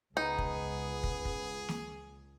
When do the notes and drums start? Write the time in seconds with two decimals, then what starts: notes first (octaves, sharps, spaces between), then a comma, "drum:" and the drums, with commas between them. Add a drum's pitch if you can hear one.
0.17 C#2 B3 D#4 G#4
0.38 drum: kick
1.03 drum: kick
1.25 drum: kick
1.69 drum: snare